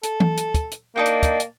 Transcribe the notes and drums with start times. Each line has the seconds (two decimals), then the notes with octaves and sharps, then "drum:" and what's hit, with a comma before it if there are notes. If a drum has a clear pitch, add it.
0.03 A4, drum: hi-hat
0.20 drum: tom E3
0.37 drum: hi-hat
0.54 drum: kick, hi-hat
0.72 drum: hi-hat
0.96 A#3 D4 D#4 G5
1.06 drum: hi-hat
1.23 drum: kick, hi-hat
1.40 drum: hi-hat